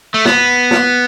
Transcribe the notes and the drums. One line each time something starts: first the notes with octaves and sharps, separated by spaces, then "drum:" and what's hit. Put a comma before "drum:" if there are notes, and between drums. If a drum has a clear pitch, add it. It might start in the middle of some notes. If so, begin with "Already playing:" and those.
A3
B3, drum: snare
drum: snare